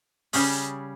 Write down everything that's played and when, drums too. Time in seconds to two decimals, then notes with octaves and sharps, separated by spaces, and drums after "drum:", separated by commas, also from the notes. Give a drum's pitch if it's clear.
0.33 C#3 G3 C#4 G#4, drum: open hi-hat